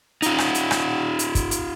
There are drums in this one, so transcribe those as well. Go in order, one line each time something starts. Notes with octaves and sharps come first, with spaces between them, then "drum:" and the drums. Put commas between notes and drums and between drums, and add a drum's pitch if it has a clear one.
D#4 F4, drum: hi-hat
drum: rim click
drum: hi-hat
drum: rim click
drum: hi-hat
drum: kick, hi-hat
drum: hi-hat